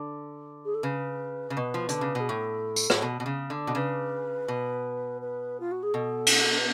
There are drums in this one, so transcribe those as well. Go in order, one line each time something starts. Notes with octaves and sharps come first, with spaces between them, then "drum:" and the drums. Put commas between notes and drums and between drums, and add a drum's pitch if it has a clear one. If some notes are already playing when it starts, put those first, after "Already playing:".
Already playing: D3
G#4
A4
C#3 B4
C#3
B2 B4
F3
D3, drum: hi-hat
C#3
B2 G#4
A2 A4
drum: tambourine
A2, drum: rim click
B2
B2
C#3
D3
B2
C#3 B4
B2
B4
F4
F#4
G#4
B2 A4
drum: cymbal
B4